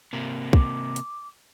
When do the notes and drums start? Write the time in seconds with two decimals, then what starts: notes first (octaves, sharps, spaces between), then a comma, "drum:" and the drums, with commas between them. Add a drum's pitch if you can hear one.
0.13 C3 A#3
0.53 D6, drum: kick
0.96 drum: hi-hat